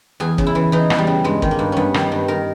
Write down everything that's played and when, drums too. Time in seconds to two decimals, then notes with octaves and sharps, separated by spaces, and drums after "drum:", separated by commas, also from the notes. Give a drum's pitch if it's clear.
0.20 E2 G#4
0.38 C#3, drum: kick
0.47 E4
0.55 E3
0.72 E3 D#4
0.90 E2, drum: rim click
0.98 G3
1.07 C#3
1.24 G2 G#3
1.42 D#3, drum: kick
1.51 A#3
1.59 G2
1.72 G2 B3 C#4
1.94 D#3, drum: rim click
2.12 G2
2.28 D#3 A#4